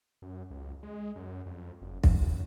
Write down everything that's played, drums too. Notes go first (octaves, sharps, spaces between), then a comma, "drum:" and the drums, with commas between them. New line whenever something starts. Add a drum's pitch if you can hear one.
F#2
C#2
G#3
F#2
F2
F#1
A1, drum: kick
F#2